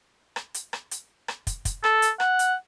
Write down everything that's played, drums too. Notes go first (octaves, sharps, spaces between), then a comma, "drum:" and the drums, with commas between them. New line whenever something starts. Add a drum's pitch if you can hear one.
drum: rim click
drum: hi-hat
drum: rim click
drum: hi-hat
drum: rim click
drum: kick, hi-hat
drum: kick, hi-hat
A4, drum: rim click
drum: hi-hat
F#5, drum: rim click
drum: hi-hat